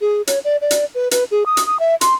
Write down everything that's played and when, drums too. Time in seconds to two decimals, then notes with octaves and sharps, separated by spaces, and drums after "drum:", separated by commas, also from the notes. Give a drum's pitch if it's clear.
0.01 G#4
0.27 C#5, drum: hi-hat
0.44 D5
0.62 D5
0.71 drum: hi-hat
0.95 B4
1.11 B4, drum: hi-hat
1.31 G#4
1.46 D#6
1.57 drum: hi-hat
1.66 D#6
1.80 E5
2.01 C6, drum: hi-hat